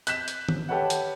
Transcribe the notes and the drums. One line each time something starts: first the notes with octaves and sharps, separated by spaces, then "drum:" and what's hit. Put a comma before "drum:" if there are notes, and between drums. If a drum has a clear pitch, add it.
F#6 G6 B6 E7, drum: hi-hat
drum: hi-hat
drum: tom D#3
G4 A4 B4 C#5 F#5
drum: hi-hat